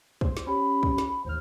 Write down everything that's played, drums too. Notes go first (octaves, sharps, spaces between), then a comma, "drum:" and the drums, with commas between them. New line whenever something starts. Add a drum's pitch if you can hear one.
C5, drum: kick
drum: snare
C#4 G4 B5
drum: kick
drum: snare
A1 D#2 C5 F6